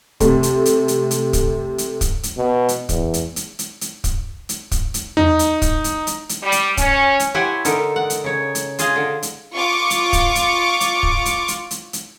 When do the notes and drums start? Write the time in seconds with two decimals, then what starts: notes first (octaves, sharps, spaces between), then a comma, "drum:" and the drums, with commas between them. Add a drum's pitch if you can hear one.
0.20 C3 A3, drum: kick, hi-hat
0.43 drum: hi-hat
0.66 drum: hi-hat
0.88 drum: hi-hat
1.11 drum: hi-hat
1.33 drum: kick, hi-hat
1.78 drum: hi-hat
2.01 drum: kick, hi-hat
2.23 drum: hi-hat
2.37 B2
2.69 drum: hi-hat
2.89 E2, drum: kick, hi-hat
3.14 drum: hi-hat
3.36 drum: hi-hat
3.59 drum: hi-hat
3.81 drum: hi-hat
4.04 drum: kick, hi-hat
4.49 drum: hi-hat
4.71 drum: kick, hi-hat
4.94 drum: hi-hat
5.17 D#4, drum: tom E2
5.39 drum: hi-hat
5.62 drum: kick, hi-hat
5.84 drum: hi-hat
6.07 drum: hi-hat
6.29 drum: hi-hat
6.43 G3
6.52 drum: hi-hat
6.77 C#4, drum: kick, hi-hat
7.20 drum: hi-hat
7.34 E4 G4 C5 C#5 F#5 G#5
7.65 D3 D#4 A4 A#4, drum: hi-hat
7.96 F#5
8.10 drum: hi-hat
8.24 C#3 C#5
8.55 drum: hi-hat
8.79 F4 G#4 D#5 F5, drum: hi-hat
8.96 D3
9.23 drum: hi-hat
9.54 F4 C#6 D6
9.90 drum: hi-hat
10.13 drum: kick, hi-hat
10.35 drum: hi-hat
10.80 drum: hi-hat
11.03 drum: kick
11.25 drum: hi-hat
11.48 drum: hi-hat
11.71 drum: hi-hat
11.93 drum: hi-hat